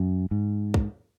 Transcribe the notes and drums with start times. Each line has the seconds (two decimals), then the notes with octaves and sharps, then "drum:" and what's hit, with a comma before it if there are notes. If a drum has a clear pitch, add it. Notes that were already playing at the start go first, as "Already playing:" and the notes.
Already playing: F#2
0.31 G#2
0.74 drum: kick